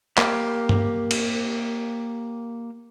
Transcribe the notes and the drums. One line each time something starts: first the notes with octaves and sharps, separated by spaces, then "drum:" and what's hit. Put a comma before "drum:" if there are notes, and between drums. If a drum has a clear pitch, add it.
A#3 G4, drum: clap
drum: tom G2
drum: cymbal